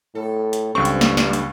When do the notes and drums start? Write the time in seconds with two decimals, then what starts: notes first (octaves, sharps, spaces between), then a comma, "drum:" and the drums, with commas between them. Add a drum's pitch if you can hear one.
0.15 A2 A4
0.53 drum: hi-hat
0.75 C#2 G2 C4 C#6
0.85 drum: hi-hat
1.01 drum: snare
1.17 F#2 G3, drum: snare
1.33 drum: hi-hat